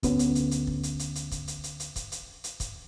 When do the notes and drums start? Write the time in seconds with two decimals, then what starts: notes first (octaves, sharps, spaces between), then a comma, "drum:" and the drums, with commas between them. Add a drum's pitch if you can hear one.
0.03 D2 B3 C#4, drum: kick, hi-hat
0.19 drum: hi-hat
0.35 drum: hi-hat
0.51 drum: hi-hat
0.67 drum: kick
0.83 drum: hi-hat
0.99 drum: hi-hat
1.15 drum: hi-hat
1.31 drum: kick, hi-hat
1.48 drum: hi-hat
1.64 drum: hi-hat
1.80 drum: hi-hat
1.96 drum: kick, hi-hat
2.12 drum: hi-hat
2.44 drum: hi-hat
2.60 drum: kick, hi-hat